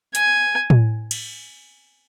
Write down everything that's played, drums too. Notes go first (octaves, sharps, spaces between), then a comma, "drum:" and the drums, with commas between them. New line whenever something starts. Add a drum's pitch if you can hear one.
G#5, drum: hi-hat
drum: tom A2
drum: cymbal